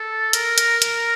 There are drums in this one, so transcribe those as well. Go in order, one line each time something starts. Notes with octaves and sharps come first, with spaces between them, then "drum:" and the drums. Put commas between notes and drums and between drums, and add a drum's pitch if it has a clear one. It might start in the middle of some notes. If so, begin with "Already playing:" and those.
Already playing: A4
A#4, drum: hi-hat
drum: hi-hat
drum: hi-hat